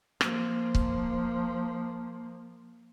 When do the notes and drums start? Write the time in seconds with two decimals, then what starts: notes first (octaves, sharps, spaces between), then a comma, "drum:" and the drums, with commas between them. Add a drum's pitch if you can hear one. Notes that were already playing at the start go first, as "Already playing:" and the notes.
0.21 F3 A#3, drum: rim click
0.75 drum: kick C#1